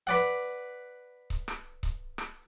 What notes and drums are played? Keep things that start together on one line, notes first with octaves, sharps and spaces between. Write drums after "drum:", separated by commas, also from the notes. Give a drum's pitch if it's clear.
B4 D5 F#5
drum: kick C#1
drum: rim click
drum: kick C#1
drum: rim click